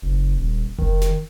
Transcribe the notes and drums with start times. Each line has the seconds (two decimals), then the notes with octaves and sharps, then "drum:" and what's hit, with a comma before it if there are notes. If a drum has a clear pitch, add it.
0.02 F#1
0.38 D#1
0.78 D#3, drum: kick F1
1.01 drum: snare